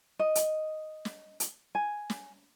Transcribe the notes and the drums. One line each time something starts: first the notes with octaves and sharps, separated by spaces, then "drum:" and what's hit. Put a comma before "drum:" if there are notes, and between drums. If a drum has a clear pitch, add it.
D#5
drum: hi-hat
drum: snare
drum: hi-hat
G#5
drum: snare